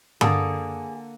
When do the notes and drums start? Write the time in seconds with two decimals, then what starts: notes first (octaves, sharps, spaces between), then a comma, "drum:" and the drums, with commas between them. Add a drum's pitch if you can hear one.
0.21 D3 A#3 G#4 A4, drum: tom G2